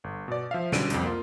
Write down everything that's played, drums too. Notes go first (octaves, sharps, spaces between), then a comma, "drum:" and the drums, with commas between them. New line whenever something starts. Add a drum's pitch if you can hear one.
G1
B2 D5
F3 E5 F5
B2 D3 G3 C#4 D7 D#7, drum: snare
C2 F2, drum: hi-hat
A#3 F4